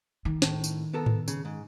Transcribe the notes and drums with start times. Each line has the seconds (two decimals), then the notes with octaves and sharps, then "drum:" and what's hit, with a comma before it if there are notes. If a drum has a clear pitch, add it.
0.25 D#3
0.42 A2, drum: snare
0.64 drum: tambourine
0.94 B3 A4 A#4
1.06 drum: tom G#2
1.28 C#3, drum: tambourine
1.45 G#2